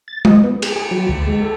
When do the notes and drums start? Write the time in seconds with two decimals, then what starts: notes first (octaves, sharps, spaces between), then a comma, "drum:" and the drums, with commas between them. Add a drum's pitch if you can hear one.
0.08 A6
0.25 D#5, drum: tom G#3
0.44 B3
0.62 G#4, drum: cymbal
0.76 G#4
0.91 F#3
1.09 D2
1.27 G#3
1.42 A4